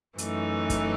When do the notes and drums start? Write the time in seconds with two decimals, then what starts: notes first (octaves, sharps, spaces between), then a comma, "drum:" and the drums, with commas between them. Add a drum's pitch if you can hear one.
0.18 F#2 E3 A3 D#4, drum: hi-hat
0.70 drum: kick, hi-hat